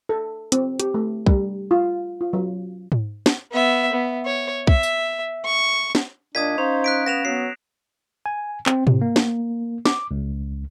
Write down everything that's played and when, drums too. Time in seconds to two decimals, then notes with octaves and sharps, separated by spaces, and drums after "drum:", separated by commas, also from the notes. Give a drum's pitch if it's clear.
0.09 A4
0.52 C4, drum: hi-hat
0.80 G4, drum: hi-hat
0.94 A3
1.26 G3, drum: kick B1
1.71 F4
2.21 F4
2.33 F#3
2.92 drum: tom G#2
3.26 drum: snare
3.51 B3 E5
3.92 B3
4.25 C#5
4.67 E5, drum: kick B1
4.83 drum: tambourine
5.45 C#6
5.95 drum: snare
6.35 A#2 D4 D#5 D#6 G#6 B6
6.58 C#4 D#4 C5 F5
6.84 F#6 B6 D7
7.06 B3 A#6 E7 F7
7.25 F#3 B3 C7
8.26 G#5
8.66 C4, drum: clap
8.87 C3, drum: tom G#2
9.01 A#3
9.16 drum: snare
9.85 D6, drum: snare
10.11 C#2